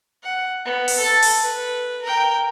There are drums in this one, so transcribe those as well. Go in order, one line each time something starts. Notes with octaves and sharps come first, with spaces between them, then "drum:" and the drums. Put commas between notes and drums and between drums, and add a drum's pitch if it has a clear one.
F#5
B3
drum: open hi-hat
A4 A5
drum: open hi-hat
B4
A#4 G5